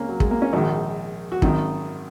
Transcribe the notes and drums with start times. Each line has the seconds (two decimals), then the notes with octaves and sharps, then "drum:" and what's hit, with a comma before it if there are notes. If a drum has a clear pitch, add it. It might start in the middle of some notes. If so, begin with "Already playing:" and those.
Already playing: C#2 C#3 A#3 C#4
0.09 F#3
0.20 G#3, drum: kick
0.31 A#3
0.42 C#4
0.53 A#1 G#2 D#3 F#4
1.32 F#4
1.42 G#1 F#2 D#3 D#4, drum: kick